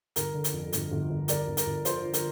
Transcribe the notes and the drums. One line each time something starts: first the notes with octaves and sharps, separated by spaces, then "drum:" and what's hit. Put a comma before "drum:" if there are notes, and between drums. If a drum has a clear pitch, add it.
G1 A#4, drum: hi-hat
D3
drum: hi-hat
F2
G1, drum: hi-hat
G1
G1
G1 A#4 D5, drum: hi-hat
G1
A#4, drum: hi-hat
G1
F3 C5, drum: hi-hat
F3
A#4, drum: hi-hat